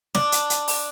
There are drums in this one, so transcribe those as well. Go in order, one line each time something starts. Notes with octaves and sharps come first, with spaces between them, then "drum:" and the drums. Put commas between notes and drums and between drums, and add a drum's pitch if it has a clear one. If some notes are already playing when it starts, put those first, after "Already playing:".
D4, drum: snare
drum: hi-hat
drum: hi-hat
drum: open hi-hat